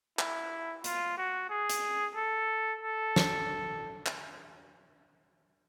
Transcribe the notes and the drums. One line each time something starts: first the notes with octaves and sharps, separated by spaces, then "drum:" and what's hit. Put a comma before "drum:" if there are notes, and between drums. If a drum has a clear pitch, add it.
E4, drum: clap
F4, drum: hi-hat
F#4
G#4
drum: hi-hat
A4
A4
drum: snare
drum: clap